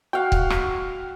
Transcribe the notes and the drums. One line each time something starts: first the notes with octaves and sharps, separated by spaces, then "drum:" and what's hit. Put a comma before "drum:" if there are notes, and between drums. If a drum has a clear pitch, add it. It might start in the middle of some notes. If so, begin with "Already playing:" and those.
F#4 F5 G5
drum: kick C#1
drum: rim click